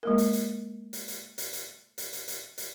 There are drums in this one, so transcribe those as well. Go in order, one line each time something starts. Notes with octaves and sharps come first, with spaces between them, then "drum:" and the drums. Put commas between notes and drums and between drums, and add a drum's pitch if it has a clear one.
G#3 A#3 A#4
drum: hi-hat
drum: hi-hat
drum: hi-hat
drum: hi-hat
drum: hi-hat
drum: hi-hat
drum: hi-hat
drum: hi-hat
drum: hi-hat
drum: hi-hat